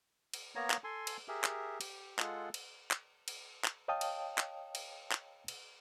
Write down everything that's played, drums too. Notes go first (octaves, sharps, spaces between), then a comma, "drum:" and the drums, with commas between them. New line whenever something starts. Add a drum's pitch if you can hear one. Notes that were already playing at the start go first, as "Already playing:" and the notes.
drum: cymbal
A#3 B3 C#5 A#5
drum: clap
A4 G#5 C6
drum: cymbal
G4 G#4 A#4 E5
drum: clap
G4, drum: cymbal
G#3 F4 G#4 A4 F#5, drum: clap
drum: cymbal
drum: clap
drum: cymbal
drum: clap
C#5 D#5 F5 G5 A5 D#6
drum: cymbal
drum: clap
drum: cymbal
drum: clap
drum: cymbal